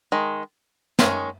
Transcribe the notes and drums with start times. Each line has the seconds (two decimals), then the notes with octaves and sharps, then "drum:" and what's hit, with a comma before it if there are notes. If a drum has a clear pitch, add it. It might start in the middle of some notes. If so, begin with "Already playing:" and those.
0.12 D#3 G#3
0.99 D#3 G#3 C#4, drum: snare